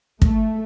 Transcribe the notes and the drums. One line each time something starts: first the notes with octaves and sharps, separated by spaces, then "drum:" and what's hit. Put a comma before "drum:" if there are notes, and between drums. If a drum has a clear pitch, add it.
A3, drum: kick